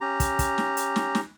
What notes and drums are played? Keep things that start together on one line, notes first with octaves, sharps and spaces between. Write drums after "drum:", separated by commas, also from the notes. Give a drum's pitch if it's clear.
C#4 G4 A#5
drum: kick, hi-hat
drum: kick, hi-hat
drum: snare
drum: hi-hat
drum: snare
drum: snare